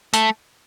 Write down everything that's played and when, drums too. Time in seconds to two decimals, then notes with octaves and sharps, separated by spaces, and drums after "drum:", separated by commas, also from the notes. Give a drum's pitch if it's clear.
0.14 A3, drum: hi-hat